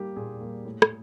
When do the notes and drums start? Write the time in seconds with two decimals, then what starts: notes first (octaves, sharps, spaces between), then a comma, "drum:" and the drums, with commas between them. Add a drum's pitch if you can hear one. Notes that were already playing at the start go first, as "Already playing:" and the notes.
Already playing: G3 A#3 G4
0.16 A#2 G#4
0.41 G3 A#3
0.65 A2
0.82 drum: rim click